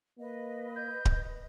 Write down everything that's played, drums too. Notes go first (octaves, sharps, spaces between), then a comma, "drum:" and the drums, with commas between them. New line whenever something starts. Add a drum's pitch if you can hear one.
A#3 B4 D#5
G6
drum: kick D1